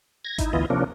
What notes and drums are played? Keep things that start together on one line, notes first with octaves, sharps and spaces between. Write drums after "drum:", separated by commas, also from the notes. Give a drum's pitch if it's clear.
G#6 A#6
D#4 E4, drum: kick G#1, hi-hat
D2 E3 B3 E4 F4 D#5
C3 F3 A#3 C#4 D4